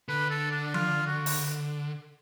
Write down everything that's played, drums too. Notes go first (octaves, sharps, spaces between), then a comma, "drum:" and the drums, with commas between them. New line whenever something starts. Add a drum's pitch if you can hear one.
D3 B4
A4
D4
F4, drum: tom F3
F#4
drum: open hi-hat